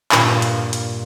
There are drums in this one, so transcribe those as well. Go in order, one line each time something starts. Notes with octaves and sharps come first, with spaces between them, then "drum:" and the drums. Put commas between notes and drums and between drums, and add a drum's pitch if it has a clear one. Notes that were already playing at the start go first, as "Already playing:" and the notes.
G2 A#2 F4, drum: clap
drum: hi-hat
drum: hi-hat